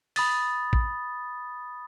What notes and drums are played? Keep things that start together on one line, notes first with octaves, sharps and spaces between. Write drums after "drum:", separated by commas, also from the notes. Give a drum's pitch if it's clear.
B5 D#6 A6, drum: open hi-hat
drum: kick